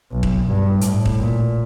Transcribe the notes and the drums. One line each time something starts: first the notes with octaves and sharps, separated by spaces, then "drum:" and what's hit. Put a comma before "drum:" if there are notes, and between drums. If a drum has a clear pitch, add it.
B1
drum: kick D#1
G2
A2, drum: hi-hat
drum: kick D#1
A#2